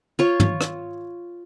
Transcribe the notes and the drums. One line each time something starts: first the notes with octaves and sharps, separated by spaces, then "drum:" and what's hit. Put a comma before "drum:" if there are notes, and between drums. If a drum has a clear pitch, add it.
F4 C#5
drum: tom
drum: rim click